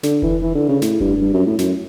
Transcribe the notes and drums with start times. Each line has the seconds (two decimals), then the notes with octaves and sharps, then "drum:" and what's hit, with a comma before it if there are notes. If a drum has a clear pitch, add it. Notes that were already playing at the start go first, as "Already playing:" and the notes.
0.03 D3, drum: snare
0.22 E3, drum: kick F1
0.42 E3
0.55 D3
0.69 C#3
0.82 A2, drum: snare
1.00 G2, drum: kick F1
1.21 G2
1.34 F#2
1.46 A2
1.59 F#2, drum: snare